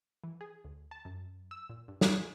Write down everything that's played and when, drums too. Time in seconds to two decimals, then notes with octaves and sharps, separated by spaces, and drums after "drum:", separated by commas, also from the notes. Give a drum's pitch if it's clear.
0.24 E3
0.41 G#4
0.64 D2
0.91 A5
1.05 F#2
1.51 E6
1.70 A#2
1.88 G2
2.01 D#4, drum: snare
2.15 G#4